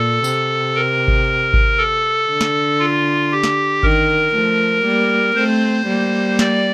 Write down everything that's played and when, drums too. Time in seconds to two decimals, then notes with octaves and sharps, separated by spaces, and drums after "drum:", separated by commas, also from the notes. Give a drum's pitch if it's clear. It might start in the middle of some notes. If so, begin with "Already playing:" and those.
Already playing: A#2 A4
0.24 C3, drum: tambourine
0.75 A#4
1.08 drum: kick G#1
1.53 drum: kick G#1
1.78 A4
2.30 D3
2.41 drum: snare
2.80 F4
3.32 G4
3.44 drum: snare
3.83 D#3 A#4, drum: kick G#1
4.33 F3 A3
4.85 G3 A#3
5.36 A3 C4 C5
5.87 G3 A#3
6.39 D5, drum: snare